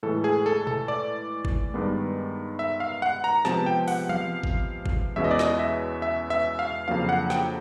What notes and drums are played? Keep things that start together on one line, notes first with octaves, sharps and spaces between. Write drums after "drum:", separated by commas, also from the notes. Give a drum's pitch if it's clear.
A2 E3 G#3 A4
G#4
A4
A4, drum: tom A#2
D5
drum: kick G#1
G2 D#3 G#3 B3
E5
F5
F#5
A#5
C3 F3 G#3 B3 A5, drum: snare
G5
F#5, drum: open hi-hat
F5, drum: tom E3
drum: kick G#1
drum: kick G#1
E2 B2 G#3 C#4 E5
D#5
D5
D#5, drum: snare
E5
E5
E5
F5
F2 C#3 F#3 A#3 D4 F5
F#5
G5, drum: snare